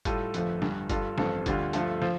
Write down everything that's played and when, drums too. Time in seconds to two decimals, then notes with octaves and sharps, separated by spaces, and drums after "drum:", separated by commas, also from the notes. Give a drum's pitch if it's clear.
0.05 A2 G3 F4 A4, drum: kick F#1, hi-hat
0.34 G1 F2 F3 A3, drum: hi-hat
0.62 G1 G2 G3, drum: snare
0.89 G2 G3 F4 A4, drum: kick F#1, hi-hat
1.18 A1 G2 F3 C4 A4, drum: snare
1.46 D2 D3 G3 F4, drum: kick F#1, hi-hat
1.73 G2 F3 A3 F4 A4, drum: hi-hat
2.02 F3, drum: snare